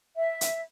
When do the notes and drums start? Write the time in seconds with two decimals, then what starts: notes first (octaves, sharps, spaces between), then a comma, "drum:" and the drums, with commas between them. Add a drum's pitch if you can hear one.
0.17 E5
0.41 drum: hi-hat